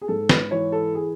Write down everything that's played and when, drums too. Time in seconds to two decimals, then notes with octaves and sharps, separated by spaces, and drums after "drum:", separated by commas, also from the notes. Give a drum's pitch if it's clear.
0.02 G#4
0.08 G#2 A4
0.29 B4, drum: snare
0.51 E3 C#5
0.72 A4
0.95 G#4